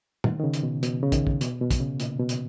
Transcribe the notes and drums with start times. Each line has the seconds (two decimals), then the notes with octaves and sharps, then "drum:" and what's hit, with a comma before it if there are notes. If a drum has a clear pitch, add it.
0.24 D#3, drum: tom
0.40 D#3
0.44 C#3
0.54 drum: hi-hat
0.63 B2
0.83 B2, drum: hi-hat
1.03 C#3
1.12 D#3, drum: kick, hi-hat
1.27 drum: kick
1.41 B2, drum: hi-hat
1.61 B2
1.71 drum: kick, hi-hat
1.80 C#3
2.00 A#2, drum: hi-hat
2.20 B2
2.29 drum: hi-hat